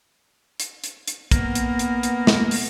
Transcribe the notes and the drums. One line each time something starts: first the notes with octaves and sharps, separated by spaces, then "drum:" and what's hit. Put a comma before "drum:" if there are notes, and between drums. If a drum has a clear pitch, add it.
drum: hi-hat
drum: hi-hat
drum: hi-hat
A#3 B3, drum: kick, hi-hat
drum: hi-hat
drum: hi-hat
drum: hi-hat
drum: snare
drum: open hi-hat